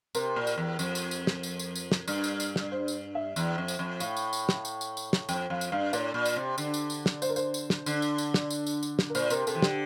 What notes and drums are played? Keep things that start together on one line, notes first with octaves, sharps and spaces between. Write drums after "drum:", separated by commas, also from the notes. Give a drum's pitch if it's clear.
C3 A#4, drum: tambourine
A#2
drum: tambourine
E2
F2, drum: tambourine
drum: tambourine
drum: tambourine
drum: snare
drum: tambourine
drum: tambourine
drum: tambourine
drum: snare
G2, drum: tambourine
drum: tambourine
drum: tambourine
drum: snare
C5
drum: tambourine
E5
E2, drum: tambourine
F2
drum: tambourine
F2
A2 F5, drum: tambourine
drum: tambourine
drum: tambourine
drum: snare
drum: tambourine
drum: tambourine
drum: tambourine
drum: snare
F2 G5, drum: tambourine
F2 F5
drum: tambourine
G2 F5
A2 D5, drum: tambourine
A#2
drum: tambourine
C3
D3, drum: tambourine
drum: tambourine
drum: tambourine
drum: snare
C5, drum: tambourine
A#4
C5, drum: tambourine
drum: tambourine
drum: snare
D3, drum: tambourine
drum: tambourine
drum: tambourine
drum: snare
drum: tambourine
drum: tambourine
drum: tambourine
drum: snare
A#4
A#2 C5, drum: tambourine
C3 A#4, drum: tambourine
C3 A4, drum: tambourine
E3
D3 G4, drum: snare